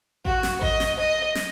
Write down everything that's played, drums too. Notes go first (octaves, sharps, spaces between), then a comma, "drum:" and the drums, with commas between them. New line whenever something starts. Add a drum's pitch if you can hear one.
F#4, drum: kick A1
drum: snare
D#5, drum: kick A1
drum: snare
D#5
drum: snare